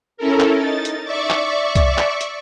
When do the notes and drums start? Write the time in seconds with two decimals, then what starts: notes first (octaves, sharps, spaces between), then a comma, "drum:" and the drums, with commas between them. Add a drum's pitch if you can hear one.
0.17 C#4 E4 A4 A#4
0.40 drum: clap
0.55 D#4 A6
0.85 drum: hi-hat
1.04 D5 E5 C#6 D6
1.30 drum: clap
1.75 drum: kick C2, hi-hat
1.98 drum: clap
2.21 drum: hi-hat